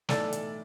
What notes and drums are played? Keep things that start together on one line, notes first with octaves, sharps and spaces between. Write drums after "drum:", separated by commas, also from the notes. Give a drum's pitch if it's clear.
B1 A2 E3 A4 D5, drum: snare
drum: hi-hat